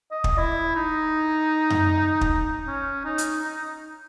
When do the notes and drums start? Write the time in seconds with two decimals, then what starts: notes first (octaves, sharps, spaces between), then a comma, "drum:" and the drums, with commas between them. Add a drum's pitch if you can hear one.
0.11 D#5
0.24 drum: kick
0.38 E4
0.76 D#4
1.70 drum: tom F#2
2.21 drum: kick
2.67 C#4
3.05 D#4
3.18 drum: hi-hat
3.44 D#4